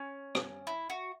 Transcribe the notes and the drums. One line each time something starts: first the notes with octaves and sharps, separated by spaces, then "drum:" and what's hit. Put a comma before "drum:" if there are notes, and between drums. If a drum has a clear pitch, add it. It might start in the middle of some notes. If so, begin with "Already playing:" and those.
Already playing: C#4
drum: rim click
E4
F#4